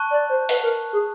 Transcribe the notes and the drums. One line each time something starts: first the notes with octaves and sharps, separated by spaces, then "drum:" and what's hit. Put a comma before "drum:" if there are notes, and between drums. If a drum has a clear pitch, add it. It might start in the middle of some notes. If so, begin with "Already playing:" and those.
Already playing: A5 C#6 F#6
D5
C5
B4, drum: open hi-hat
A#4
G#4